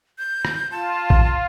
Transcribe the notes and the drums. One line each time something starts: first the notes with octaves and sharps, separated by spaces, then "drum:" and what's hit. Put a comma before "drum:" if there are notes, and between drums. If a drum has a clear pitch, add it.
G6
drum: rim click
F4 A5
drum: kick A1